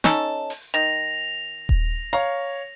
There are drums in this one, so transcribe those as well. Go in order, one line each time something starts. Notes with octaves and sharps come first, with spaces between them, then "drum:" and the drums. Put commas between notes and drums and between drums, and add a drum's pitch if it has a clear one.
C#4 D#4 A4, drum: snare
drum: open hi-hat
D#3 A#6 F7
drum: kick D#1
C#5 F5 A#5